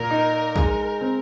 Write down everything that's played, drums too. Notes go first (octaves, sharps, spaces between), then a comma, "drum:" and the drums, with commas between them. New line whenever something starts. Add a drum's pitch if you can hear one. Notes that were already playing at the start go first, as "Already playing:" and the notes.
Already playing: A#2 A#4
D#4
G#3, drum: kick
C4